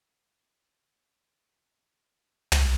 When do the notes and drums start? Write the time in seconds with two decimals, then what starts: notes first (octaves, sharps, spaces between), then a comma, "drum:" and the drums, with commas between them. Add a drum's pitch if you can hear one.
0.16 C#4 E4 A4 F#5 G5 A#5
2.52 drum: tom